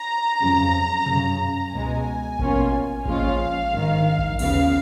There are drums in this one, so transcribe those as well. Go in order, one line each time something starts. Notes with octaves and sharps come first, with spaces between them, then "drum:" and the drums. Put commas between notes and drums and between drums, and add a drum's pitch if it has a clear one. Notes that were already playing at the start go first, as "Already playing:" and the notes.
Already playing: A#5
F2 C#3 F#3
F#2 C#3 F#3, drum: tom B2
C#2 B2 G#3 G#5
B2 A#3 C#4 F4, drum: kick A1
A#2 F3 G#3 C#4 F4 F5, drum: kick A1
A#1 G#2 D#3
drum: kick A1
D#2 C#3 F3 B3 F5, drum: cymbal